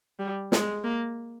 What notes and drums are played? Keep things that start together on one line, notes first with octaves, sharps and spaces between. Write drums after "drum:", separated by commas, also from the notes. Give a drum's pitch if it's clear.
G3
G#3, drum: snare
A#3